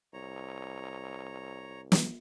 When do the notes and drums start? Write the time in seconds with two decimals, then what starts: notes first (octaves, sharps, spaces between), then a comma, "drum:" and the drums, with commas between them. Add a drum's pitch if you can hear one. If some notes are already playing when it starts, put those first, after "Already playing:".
0.13 C2 C#5 A#5
1.92 drum: snare